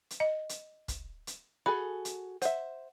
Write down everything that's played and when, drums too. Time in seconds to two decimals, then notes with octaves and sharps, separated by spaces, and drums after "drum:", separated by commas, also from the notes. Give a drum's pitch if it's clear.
0.10 drum: hi-hat
0.20 D#5
0.49 drum: hi-hat
0.88 drum: kick, hi-hat
1.27 drum: hi-hat
1.66 F#4 G#4 A4 B5
2.05 drum: hi-hat
2.42 C5 E5 F#5, drum: hi-hat